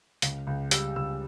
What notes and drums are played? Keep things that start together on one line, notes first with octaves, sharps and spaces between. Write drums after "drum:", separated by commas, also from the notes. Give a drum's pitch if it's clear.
C#2, drum: hi-hat
C#2
G3 E6, drum: hi-hat
C#2 E6